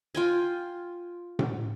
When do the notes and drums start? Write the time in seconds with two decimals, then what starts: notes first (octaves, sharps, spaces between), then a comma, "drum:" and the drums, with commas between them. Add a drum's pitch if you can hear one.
0.15 F4 G5 G#5
1.39 drum: tom A2